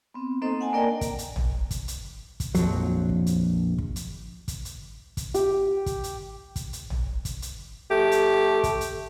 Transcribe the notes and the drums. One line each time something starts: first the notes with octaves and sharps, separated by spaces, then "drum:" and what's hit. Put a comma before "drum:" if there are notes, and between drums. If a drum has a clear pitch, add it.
B3 C4
A#3 C4 D#4 A4 C5 D#5
F#5 G#5 A5
A#3 D4 A#4 D5 D#5 G5
drum: kick, hi-hat
drum: hi-hat
drum: tom
drum: kick, hi-hat
drum: hi-hat
drum: kick, hi-hat
A#1 F2 F3 F#3, drum: hi-hat
drum: kick
drum: hi-hat
drum: kick
drum: hi-hat
drum: kick, hi-hat
drum: hi-hat
drum: kick, hi-hat
G4, drum: hi-hat
drum: kick, hi-hat
drum: hi-hat
drum: kick, hi-hat
drum: hi-hat
drum: tom
drum: kick, hi-hat
drum: hi-hat
A3 G4
drum: hi-hat
drum: kick, hi-hat
drum: hi-hat